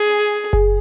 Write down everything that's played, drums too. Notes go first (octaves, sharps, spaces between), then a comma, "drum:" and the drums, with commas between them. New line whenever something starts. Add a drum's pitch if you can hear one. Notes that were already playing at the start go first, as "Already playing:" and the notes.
Already playing: G#4
G#4, drum: kick F#1